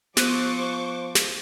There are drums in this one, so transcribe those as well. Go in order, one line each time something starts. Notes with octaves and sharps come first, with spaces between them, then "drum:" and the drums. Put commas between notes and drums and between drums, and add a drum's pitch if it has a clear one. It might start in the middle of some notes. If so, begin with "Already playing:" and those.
F3 B3 C5 C#6 D6 F#6 D#7, drum: snare
drum: snare